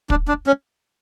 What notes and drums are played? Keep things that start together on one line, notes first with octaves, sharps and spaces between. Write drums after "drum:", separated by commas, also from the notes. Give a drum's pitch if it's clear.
D4, drum: kick
D4
C#4